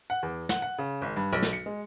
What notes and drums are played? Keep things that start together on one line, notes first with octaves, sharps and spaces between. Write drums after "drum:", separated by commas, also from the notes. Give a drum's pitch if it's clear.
F#5
E2
F#5, drum: snare
F#5
C#3
G#1
G2
B1
drum: snare
C#7
G#3